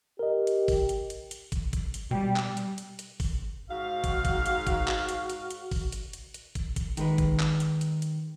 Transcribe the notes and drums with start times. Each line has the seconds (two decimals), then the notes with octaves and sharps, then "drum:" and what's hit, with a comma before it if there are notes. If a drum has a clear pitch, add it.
0.19 G4 A#4 D#5
0.47 drum: hi-hat
0.68 drum: kick, open hi-hat
0.89 drum: hi-hat
1.10 drum: hi-hat
1.31 drum: hi-hat
1.52 drum: kick, hi-hat
1.73 drum: kick, hi-hat
1.94 drum: hi-hat
2.11 B2 G3 G5
2.36 drum: clap
2.57 drum: hi-hat
2.78 drum: hi-hat
2.99 drum: hi-hat
3.20 drum: kick, open hi-hat
3.69 G#2 F#4 F5
4.04 drum: kick, hi-hat
4.25 drum: kick, hi-hat
4.46 drum: hi-hat
4.67 drum: kick, hi-hat
4.88 drum: clap
5.09 drum: hi-hat
5.30 drum: hi-hat
5.50 drum: hi-hat
5.71 drum: kick, open hi-hat
5.92 drum: hi-hat
6.13 drum: hi-hat
6.34 drum: hi-hat
6.55 drum: kick, hi-hat
6.76 drum: kick, hi-hat
6.97 D#3 G#3 B4, drum: hi-hat
7.18 drum: kick, hi-hat
7.39 drum: clap
7.60 drum: hi-hat
7.81 drum: hi-hat
8.02 drum: hi-hat